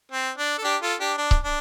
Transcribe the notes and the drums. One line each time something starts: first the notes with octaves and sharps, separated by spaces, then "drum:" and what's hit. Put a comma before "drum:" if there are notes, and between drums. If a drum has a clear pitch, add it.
C4
D4
A4
D4 G4
F4 A4
D4 G4
D4
drum: kick C#1
D4